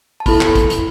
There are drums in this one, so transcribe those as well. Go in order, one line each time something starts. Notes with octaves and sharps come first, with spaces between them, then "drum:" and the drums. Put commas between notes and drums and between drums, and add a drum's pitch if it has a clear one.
A5
B3 E4 A4 B5, drum: kick, open hi-hat
drum: clap
drum: kick, hi-hat
drum: hi-hat